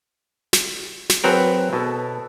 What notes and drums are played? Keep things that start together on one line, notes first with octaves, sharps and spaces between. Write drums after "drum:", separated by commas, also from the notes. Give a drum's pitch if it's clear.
drum: snare
drum: snare
F#3 C4 G#4 A#4 B4
B2 A4 A5